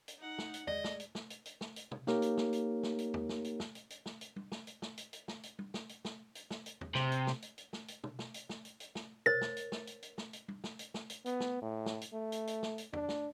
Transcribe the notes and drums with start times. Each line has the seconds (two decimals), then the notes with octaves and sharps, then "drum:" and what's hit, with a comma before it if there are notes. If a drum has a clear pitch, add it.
0.08 drum: hi-hat
0.18 D#4 F#5
0.38 drum: snare
0.54 drum: hi-hat
0.67 G#3 D5 D#5, drum: tom
0.84 drum: snare
1.00 drum: hi-hat
1.15 drum: snare
1.30 drum: hi-hat
1.46 drum: hi-hat
1.61 drum: snare
1.76 drum: hi-hat
1.91 drum: tom
2.07 A#3 D#4 G4 A#4 C#5, drum: snare
2.22 drum: hi-hat
2.37 drum: snare
2.53 drum: hi-hat
2.83 drum: snare
2.99 drum: hi-hat
3.14 drum: tom
3.29 drum: snare
3.44 drum: hi-hat
3.60 drum: snare
3.75 drum: hi-hat
3.90 drum: hi-hat
4.06 drum: snare
4.21 drum: hi-hat
4.36 drum: tom G3
4.52 drum: snare
4.67 drum: hi-hat
4.82 drum: snare
4.97 drum: hi-hat
5.13 drum: hi-hat
5.28 drum: snare
5.43 drum: hi-hat
5.59 drum: tom G3
5.74 drum: snare
5.89 drum: hi-hat
6.05 drum: snare
6.35 drum: hi-hat
6.51 drum: snare
6.66 drum: hi-hat
6.81 drum: tom
6.95 C3, drum: snare
7.12 drum: hi-hat
7.27 drum: snare
7.42 drum: hi-hat
7.58 drum: hi-hat
7.73 drum: snare
7.88 drum: hi-hat
8.04 drum: tom
8.19 drum: snare
8.34 drum: hi-hat
8.49 drum: snare
8.65 drum: hi-hat
8.80 drum: hi-hat
8.95 drum: snare
9.26 A#4 C5 C#5 A6, drum: tom
9.41 drum: snare
9.57 drum: hi-hat
9.72 drum: snare
9.87 drum: hi-hat
10.02 drum: hi-hat
10.18 drum: snare
10.33 drum: hi-hat
10.48 drum: tom G3
10.64 drum: snare
10.79 drum: hi-hat
10.94 drum: snare
11.10 drum: hi-hat
11.26 B3, drum: hi-hat
11.40 drum: snare
11.62 A2
11.86 drum: snare
12.01 drum: hi-hat
12.13 A3
12.32 drum: hi-hat
12.47 drum: hi-hat
12.63 drum: snare
12.78 drum: hi-hat
12.93 D4, drum: tom
13.09 drum: snare